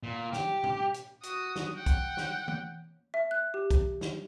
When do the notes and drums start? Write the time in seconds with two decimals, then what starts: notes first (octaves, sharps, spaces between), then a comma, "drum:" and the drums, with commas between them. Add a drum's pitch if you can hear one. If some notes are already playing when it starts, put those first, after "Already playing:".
0.03 A#2
0.33 G4, drum: snare
0.64 drum: tom
0.94 drum: hi-hat
1.23 F#4 D#6, drum: hi-hat
1.56 drum: snare
1.75 F#5 G5
1.86 drum: kick B1, hi-hat
2.17 drum: snare
2.48 drum: tom
3.14 E5
3.31 F#6
3.54 G4
3.71 drum: kick B1, hi-hat
4.01 drum: snare